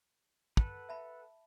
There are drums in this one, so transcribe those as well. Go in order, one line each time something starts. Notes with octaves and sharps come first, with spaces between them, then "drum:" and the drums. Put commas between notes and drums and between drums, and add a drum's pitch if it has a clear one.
A4 B4 F#5, drum: kick
E5 A5 B5